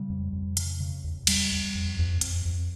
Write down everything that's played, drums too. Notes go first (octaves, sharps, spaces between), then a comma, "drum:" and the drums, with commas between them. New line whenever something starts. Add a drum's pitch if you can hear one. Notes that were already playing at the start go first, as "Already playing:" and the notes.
Already playing: C#3 G3
F2
F2
C#3, drum: hi-hat
C#3
E2
E2 G3, drum: cymbal
E2
F2
F2
F2, drum: hi-hat
F2